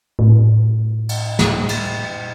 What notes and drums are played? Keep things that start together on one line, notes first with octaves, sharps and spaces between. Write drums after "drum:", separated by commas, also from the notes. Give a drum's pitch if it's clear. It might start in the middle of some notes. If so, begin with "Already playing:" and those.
A2
drum: cymbal
drum: snare
drum: cymbal
A#2